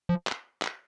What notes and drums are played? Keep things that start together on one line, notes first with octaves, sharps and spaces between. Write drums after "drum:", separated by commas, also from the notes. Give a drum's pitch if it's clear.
F3
drum: clap
drum: clap